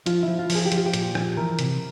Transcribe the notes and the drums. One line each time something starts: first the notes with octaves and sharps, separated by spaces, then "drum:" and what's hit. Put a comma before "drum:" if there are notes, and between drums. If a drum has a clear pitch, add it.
F3 F4, drum: hi-hat
F3 E4
F4
F3, drum: open hi-hat
G#4
G4
F3 F4, drum: hi-hat
G4
A#2, drum: hi-hat
F3, drum: rim click
E3 A#4
C3, drum: hi-hat